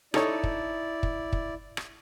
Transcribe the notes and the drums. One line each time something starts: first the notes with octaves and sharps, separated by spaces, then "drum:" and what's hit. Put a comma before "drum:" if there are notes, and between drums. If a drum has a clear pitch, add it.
D#4 E4 A4 C#5 D5, drum: rim click
drum: kick
drum: kick
drum: kick
drum: rim click